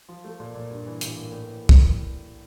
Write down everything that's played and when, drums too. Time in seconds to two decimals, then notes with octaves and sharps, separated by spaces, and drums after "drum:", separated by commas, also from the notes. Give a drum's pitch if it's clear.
0.08 F3
0.24 A3
0.40 A#2
0.55 A#2
0.71 G2
0.86 E3
1.01 A1, drum: hi-hat
1.17 A#3
1.32 A2
1.48 E3
1.69 drum: kick